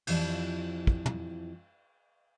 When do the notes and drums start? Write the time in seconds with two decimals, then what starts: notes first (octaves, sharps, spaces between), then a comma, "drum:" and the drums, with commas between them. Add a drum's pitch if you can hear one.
0.07 F2 E3 F3 G3, drum: cymbal
0.87 drum: kick
1.06 drum: tom